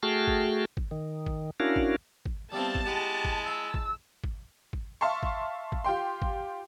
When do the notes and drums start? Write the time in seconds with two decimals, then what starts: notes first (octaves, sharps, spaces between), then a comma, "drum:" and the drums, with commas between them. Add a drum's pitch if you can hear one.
0.03 A3 F#4 G#4 G5 A5 F6
0.27 drum: kick G#1
0.77 drum: kick G#1
0.91 D#3
1.26 drum: kick G#1
1.60 C#4 D4 E4 F#4 A#4 F5
1.76 drum: kick G#1
2.26 drum: kick G#1
2.52 G3 B3 C4 E4 F5 A5
2.75 drum: kick G#1
2.86 G#3 E4 G4 F#5 D6
3.25 drum: kick G#1
3.47 F5 E6
3.74 drum: kick G#1
4.24 drum: kick G#1
4.73 drum: kick G#1
5.01 E5 F5 A5 C6 C#6
5.23 drum: kick G#1
5.72 drum: kick G#1
5.84 F4 G4 G5 C6
6.22 drum: kick G#1